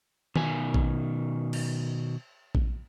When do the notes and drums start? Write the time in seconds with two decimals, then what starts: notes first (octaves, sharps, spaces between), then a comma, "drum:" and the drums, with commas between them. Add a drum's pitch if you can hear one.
0.36 B2 D#3 G#5, drum: tom D#3
0.74 drum: kick A#1
1.53 drum: cymbal
2.55 drum: kick A#1